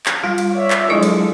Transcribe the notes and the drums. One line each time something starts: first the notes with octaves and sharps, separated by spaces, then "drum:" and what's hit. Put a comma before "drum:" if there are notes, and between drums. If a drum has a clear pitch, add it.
drum: clap
G3 F4
drum: cymbal
C#5 D5 E5
drum: clap
D3 F3 F#3 G#3 E4 D#5
drum: cymbal